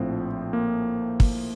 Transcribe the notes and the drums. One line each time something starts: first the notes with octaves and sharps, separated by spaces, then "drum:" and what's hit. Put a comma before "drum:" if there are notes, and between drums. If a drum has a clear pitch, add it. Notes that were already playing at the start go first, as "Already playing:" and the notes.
Already playing: A#1 A2 F3 C4
A#3
drum: kick